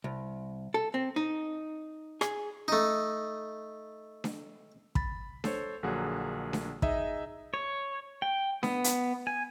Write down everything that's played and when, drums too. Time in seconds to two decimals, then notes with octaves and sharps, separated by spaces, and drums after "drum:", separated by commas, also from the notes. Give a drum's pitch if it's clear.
0.04 C2
0.74 A4
0.94 C4
1.16 D#4
2.21 G#4, drum: rim click
2.68 A3 D#4
4.24 drum: snare D4
4.95 B5 A6, drum: kick
5.44 A4 C5 C#5, drum: snare D4
5.83 A#1 D3 F#3 A#3 G#4 F#5
6.53 drum: snare D4
6.82 D#4 G#4 D#5 E5, drum: kick
7.54 C#5
8.22 G5
8.63 B3, drum: snare D4
8.84 drum: hi-hat
9.27 G#5